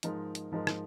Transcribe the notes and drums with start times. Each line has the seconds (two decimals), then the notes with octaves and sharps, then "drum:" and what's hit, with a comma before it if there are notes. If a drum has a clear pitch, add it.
0.03 G#2 F3 G#3 D#4 A#4, drum: hi-hat
0.35 drum: hi-hat
0.51 G#2 F3 G#3 D#4 A#4
0.67 drum: rim click